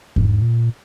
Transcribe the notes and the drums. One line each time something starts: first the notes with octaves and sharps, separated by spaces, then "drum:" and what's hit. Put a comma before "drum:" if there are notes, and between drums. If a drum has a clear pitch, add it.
G#2, drum: kick E2
A#2